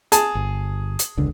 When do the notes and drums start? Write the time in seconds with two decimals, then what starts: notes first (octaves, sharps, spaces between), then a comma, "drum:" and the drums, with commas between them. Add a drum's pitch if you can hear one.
0.12 G#4 A5, drum: hi-hat
0.35 G1
0.99 drum: hi-hat
1.17 E1 C#2 D3